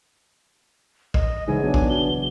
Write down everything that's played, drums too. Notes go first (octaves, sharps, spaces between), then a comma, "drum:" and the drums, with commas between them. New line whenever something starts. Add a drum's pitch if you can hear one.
D#5, drum: kick
G#2 C#3 E3 F#3 G#5
B1 D4
drum: kick
B2 G7